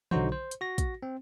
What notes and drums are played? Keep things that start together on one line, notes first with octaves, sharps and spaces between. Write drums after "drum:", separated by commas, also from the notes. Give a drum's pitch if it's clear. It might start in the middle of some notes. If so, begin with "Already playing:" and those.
B1 D3 F#3 D#4 F#4 C5, drum: tom D#3
C5
drum: hi-hat
F#4 A#6
drum: kick, hi-hat
C4